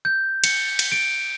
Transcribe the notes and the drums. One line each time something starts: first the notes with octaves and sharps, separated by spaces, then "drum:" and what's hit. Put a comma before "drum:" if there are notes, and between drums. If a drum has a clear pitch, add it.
G6
C#7, drum: cymbal
drum: cymbal
D7